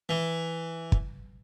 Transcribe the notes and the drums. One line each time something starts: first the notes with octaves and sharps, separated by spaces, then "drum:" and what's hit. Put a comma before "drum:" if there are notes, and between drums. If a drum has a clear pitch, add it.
E3
drum: kick